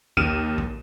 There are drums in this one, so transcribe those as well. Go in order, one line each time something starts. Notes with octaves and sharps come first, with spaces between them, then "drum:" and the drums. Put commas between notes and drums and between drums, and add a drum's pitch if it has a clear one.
D#2 F6 D#7 E7, drum: kick A#1
drum: kick A#1